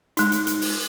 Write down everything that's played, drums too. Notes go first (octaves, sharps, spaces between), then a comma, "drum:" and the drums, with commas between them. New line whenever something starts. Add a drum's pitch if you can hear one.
G#3 D#4, drum: hi-hat
drum: hi-hat
drum: hi-hat
drum: open hi-hat